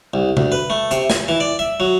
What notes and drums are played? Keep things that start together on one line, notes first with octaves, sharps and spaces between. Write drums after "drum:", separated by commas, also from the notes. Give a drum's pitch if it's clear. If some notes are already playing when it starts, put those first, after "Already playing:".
C2
D2, drum: tom C3
B4
A3
C3, drum: hi-hat
G#5, drum: snare
E3
D5
E5
F#3